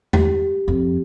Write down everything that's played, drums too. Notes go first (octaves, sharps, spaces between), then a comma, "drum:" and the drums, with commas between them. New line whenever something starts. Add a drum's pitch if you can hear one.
G4, drum: tom E2
F2